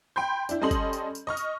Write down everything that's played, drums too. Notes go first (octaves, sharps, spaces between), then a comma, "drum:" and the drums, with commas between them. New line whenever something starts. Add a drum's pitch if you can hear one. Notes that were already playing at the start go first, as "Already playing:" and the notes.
G5 B5 C6 G6
D4 E4, drum: tambourine
G3 C#4 A4 D#5 C6 F#7
drum: kick, tambourine
drum: tambourine
drum: tambourine
D#5 C#6 F6
drum: tambourine